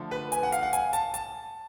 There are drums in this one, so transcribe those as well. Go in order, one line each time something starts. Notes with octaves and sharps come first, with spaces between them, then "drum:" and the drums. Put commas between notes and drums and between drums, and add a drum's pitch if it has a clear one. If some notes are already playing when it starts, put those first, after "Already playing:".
Already playing: D3 F3 A3
B4
G#5, drum: hi-hat
F#5
F5, drum: hi-hat
F#5
G#5, drum: hi-hat
A5, drum: hi-hat
A5, drum: hi-hat